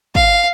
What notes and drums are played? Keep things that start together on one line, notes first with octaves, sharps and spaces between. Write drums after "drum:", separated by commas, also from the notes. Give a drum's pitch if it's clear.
F5, drum: kick